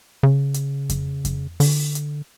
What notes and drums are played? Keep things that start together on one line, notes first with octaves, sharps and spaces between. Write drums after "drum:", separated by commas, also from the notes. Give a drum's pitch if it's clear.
C#3
drum: hi-hat
drum: kick F2, hi-hat
drum: kick F2, hi-hat
D3, drum: open hi-hat
drum: hi-hat